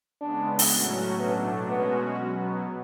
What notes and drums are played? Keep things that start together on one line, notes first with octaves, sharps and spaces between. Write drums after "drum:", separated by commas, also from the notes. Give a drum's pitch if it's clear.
C#3 G#3 B3 D4
drum: open hi-hat
A2 F#3 A3 C#4 F#4
B2 F#3 A3 B3 D4
B2 G#3 B3 C#4 F#4
B2 F#3 B3